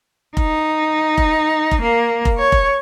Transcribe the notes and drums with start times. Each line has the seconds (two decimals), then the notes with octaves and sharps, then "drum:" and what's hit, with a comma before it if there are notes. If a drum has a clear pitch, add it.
0.37 D#4, drum: kick F1
1.18 drum: kick F1
1.71 drum: kick F1
1.82 A#3
2.25 drum: kick F1
2.38 C#5
2.52 drum: kick F1